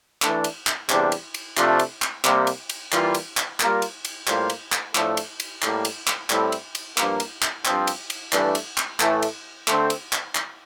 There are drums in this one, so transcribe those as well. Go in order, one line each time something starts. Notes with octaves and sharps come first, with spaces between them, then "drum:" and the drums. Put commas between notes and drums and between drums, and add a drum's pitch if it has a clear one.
E3 A3 D4, drum: clap
drum: cymbal
drum: clap
E2 C3 G3 D4, drum: clap
drum: cymbal
drum: cymbal
C3 F3 A3 D4 F4, drum: clap
drum: cymbal
drum: clap
C3 G3 A#3, drum: clap
drum: cymbal
drum: cymbal
E3 G3 A#3 F4, drum: clap
drum: cymbal
drum: clap
G3 A#3 F4 A#4, drum: clap
drum: cymbal
drum: cymbal
A2 G3 A#3 F4 C5, drum: clap
drum: cymbal
drum: clap
A2 F3 A3 D4 A4, drum: clap
drum: cymbal
drum: cymbal
A2 G3 A#3, drum: clap
drum: cymbal
drum: clap
A2 G3 C4 E4 A4, drum: clap
drum: cymbal
drum: cymbal
G2 F3 A#3, drum: clap
drum: cymbal
drum: clap
G2 F3 C4, drum: clap
drum: cymbal
drum: cymbal
G2 E3 A3 D4, drum: clap
drum: cymbal
drum: clap
A2 E3 A3, drum: clap
drum: cymbal
D3 A3 C4, drum: clap
drum: cymbal
drum: clap
drum: clap